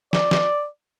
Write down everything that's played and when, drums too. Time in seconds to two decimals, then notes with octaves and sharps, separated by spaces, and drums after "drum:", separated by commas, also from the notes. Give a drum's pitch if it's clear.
0.13 D5, drum: snare
0.31 drum: snare